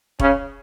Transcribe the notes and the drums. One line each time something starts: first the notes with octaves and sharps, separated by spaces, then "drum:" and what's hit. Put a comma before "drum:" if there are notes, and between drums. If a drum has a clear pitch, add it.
C#3 C#4, drum: kick E1